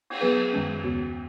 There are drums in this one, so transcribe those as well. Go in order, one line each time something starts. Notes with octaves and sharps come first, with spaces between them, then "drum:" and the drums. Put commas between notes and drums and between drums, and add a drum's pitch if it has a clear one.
drum: cymbal
F#3 B3 G#4 B4
F#2 D#3 G#3 C#4
D#2 C#3 B3 F#4